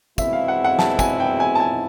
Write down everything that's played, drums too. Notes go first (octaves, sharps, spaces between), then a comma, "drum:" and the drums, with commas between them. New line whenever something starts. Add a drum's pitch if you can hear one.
E2 B2 G#3 C4 E4 E5, drum: kick, tambourine
F5
F#5
F#5
A5, drum: snare
G#5, drum: kick, tambourine
G5
G#5
A5
G#5